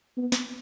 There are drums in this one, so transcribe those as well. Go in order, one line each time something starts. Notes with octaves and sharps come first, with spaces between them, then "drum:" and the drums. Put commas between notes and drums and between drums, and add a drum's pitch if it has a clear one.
B3
drum: snare